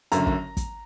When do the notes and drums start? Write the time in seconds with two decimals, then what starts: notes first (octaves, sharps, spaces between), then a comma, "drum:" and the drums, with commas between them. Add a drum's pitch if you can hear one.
0.12 F#1 F#2 D3 A#5, drum: hi-hat
0.27 drum: kick
0.57 drum: kick, hi-hat